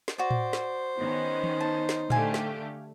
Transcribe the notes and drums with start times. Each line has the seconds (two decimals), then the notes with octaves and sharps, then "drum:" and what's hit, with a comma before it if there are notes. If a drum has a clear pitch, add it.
0.08 drum: snare
0.18 F#4 C5 D5
0.31 drum: tom A2
0.53 drum: snare
0.98 D#3 B3 C#4 D#4
1.44 drum: tom D#3
1.61 A5
1.89 drum: snare
2.10 D3 A3 G4 F5 G#5, drum: tom A2
2.34 drum: snare